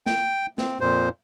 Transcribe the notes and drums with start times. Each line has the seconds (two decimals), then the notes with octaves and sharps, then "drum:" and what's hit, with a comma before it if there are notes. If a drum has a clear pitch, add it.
0.06 G5, drum: snare
0.58 C4, drum: snare
0.81 F2 A#2 C5